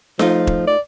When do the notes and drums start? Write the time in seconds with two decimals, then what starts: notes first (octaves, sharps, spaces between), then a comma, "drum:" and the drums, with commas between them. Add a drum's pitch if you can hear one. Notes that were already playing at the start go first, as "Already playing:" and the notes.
0.19 F3 A3 D#4 F4, drum: snare F4
0.47 drum: kick E1
0.68 D5